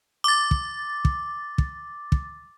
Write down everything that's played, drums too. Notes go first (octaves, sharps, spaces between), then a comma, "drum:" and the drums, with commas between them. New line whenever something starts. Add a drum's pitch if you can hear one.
D6 A6
drum: kick
drum: kick
drum: kick
drum: kick